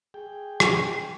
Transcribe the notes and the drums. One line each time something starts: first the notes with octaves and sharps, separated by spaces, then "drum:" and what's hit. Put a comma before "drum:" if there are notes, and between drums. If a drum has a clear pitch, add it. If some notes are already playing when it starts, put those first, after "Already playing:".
G#4 G5
drum: rim click